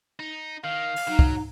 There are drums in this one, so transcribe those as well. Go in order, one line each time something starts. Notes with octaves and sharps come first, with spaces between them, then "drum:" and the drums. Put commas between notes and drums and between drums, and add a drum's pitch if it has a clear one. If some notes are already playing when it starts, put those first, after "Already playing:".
D#4
D#3 F5
drum: open hi-hat
F#3 D#4
drum: kick